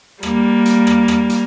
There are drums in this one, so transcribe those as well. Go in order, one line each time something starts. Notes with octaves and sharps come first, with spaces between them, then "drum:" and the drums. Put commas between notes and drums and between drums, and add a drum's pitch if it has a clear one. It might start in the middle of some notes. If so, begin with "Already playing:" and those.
G3 A#3, drum: rim click
drum: hi-hat
drum: rim click
drum: rim click
drum: hi-hat